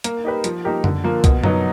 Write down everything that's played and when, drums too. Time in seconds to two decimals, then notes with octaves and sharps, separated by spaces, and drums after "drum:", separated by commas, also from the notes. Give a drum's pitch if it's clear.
0.04 A#3, drum: hi-hat
0.24 D#4 G4 B4
0.44 F3, drum: hi-hat
0.64 A#3 D#4 G4 A#4
0.84 D3, drum: tom F#2
1.04 F3 A#3
1.24 B2, drum: kick, hi-hat
1.43 F#3 B3 D#4, drum: tom F#2